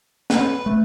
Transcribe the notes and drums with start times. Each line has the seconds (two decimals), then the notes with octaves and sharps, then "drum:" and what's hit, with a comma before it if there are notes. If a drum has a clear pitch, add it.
0.30 B4, drum: snare
0.66 A3